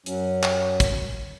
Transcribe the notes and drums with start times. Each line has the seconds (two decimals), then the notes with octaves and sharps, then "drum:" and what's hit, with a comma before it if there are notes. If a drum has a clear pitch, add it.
0.06 F#2 F#3 C#4, drum: hi-hat
0.43 drum: clap
0.80 drum: kick, hi-hat